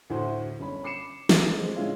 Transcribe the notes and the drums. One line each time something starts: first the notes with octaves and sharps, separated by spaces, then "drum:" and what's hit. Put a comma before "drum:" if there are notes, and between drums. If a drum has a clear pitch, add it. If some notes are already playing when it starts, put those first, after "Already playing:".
D2 A2 F#4 C5 C6
G1 C#4 B5
B5 D6 C7 C#7 E7
drum: snare
G#3 C4
A#2 D3 G#3 C#4 E4 F4